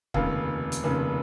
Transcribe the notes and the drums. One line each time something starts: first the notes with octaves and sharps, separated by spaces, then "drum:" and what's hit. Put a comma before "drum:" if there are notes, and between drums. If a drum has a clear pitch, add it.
F1 D#2 C#3 F5, drum: kick C#1
drum: hi-hat
F1 D#2 C#3